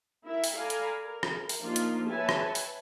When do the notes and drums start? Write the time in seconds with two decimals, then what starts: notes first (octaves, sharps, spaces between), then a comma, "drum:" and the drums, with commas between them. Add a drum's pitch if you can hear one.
0.24 E4 A#4 E5
0.44 drum: open hi-hat
0.57 A4 D5 F5 G#5 A#5 B5
0.70 drum: hi-hat
1.02 A#4
1.23 drum: rim click
1.49 drum: open hi-hat
1.60 F3 A#3 D4 D#4 F4
1.76 drum: hi-hat
2.08 B4 C#5 E5 G#5 A5
2.29 drum: rim click
2.55 drum: open hi-hat